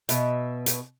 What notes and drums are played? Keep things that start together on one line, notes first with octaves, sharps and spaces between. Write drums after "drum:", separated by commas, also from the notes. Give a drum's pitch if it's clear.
B2 E5, drum: hi-hat
drum: hi-hat